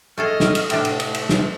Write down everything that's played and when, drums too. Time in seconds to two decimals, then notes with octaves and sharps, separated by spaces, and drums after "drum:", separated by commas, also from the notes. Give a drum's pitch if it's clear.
0.18 A3 G#4 A4 D#5 F6
0.40 drum: snare
0.55 drum: cymbal
0.70 A2 C3 A3 D4, drum: cymbal
0.85 drum: cymbal
1.00 drum: cymbal
1.14 drum: cymbal
1.29 drum: snare